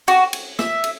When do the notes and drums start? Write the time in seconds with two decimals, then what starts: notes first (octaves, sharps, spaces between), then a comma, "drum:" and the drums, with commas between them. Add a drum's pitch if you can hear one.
0.08 F#4, drum: cymbal
0.33 drum: cymbal
0.59 E5, drum: snare
0.84 drum: cymbal